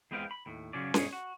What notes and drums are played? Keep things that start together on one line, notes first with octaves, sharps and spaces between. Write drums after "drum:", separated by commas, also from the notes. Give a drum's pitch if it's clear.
E2 G#3 C4 B4 F5 G5
B5
D#2 A2
C#3 F#3 C#4 D5
G2 B2 C#4 D#4 G#4, drum: snare C#4
F#4